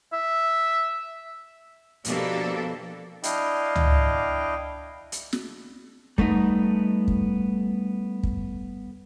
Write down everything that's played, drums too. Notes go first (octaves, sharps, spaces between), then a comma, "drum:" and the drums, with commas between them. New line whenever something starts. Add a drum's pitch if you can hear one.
E5
B2 F3 A#3 D4 G4 A4, drum: hi-hat
D4 E4 D#5 F5 G5, drum: hi-hat
drum: tom C#2
drum: hi-hat
drum: snare
G3 A3 B3 D#4, drum: kick
drum: kick
drum: kick